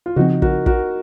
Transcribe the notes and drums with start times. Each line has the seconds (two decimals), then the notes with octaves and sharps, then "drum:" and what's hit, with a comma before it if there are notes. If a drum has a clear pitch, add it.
0.06 F4
0.16 C#3 F3 C4 D#4 F#4
0.42 F#4 A#4, drum: kick
0.66 F#4 A#4, drum: kick